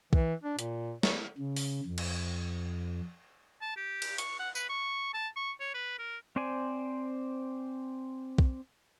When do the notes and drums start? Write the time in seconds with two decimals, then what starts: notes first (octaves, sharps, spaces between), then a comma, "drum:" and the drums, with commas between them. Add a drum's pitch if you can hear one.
0.13 E3, drum: kick B1
0.43 D4
0.59 A#2, drum: hi-hat
1.03 C#5, drum: snare
1.38 C#3
1.56 drum: open hi-hat
1.86 F2
1.98 drum: cymbal
3.61 A5
3.77 G4
4.02 drum: cymbal
4.18 C#6, drum: hi-hat
4.39 F#5
4.55 B4, drum: tambourine
4.69 C#6
5.14 A5
5.36 C#6
5.60 C#5
5.74 B4
5.99 A#4
6.36 C4 C5 D5 G#5
8.38 drum: kick B1